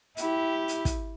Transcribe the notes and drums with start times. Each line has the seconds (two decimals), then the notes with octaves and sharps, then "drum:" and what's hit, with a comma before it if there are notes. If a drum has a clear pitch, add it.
0.17 E4 G4, drum: hi-hat
0.68 drum: hi-hat
0.85 drum: kick, hi-hat